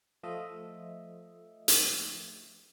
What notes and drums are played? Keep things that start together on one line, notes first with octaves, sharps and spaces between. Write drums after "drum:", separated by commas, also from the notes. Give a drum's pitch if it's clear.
F3 A3 F4 D#5 E5
drum: hi-hat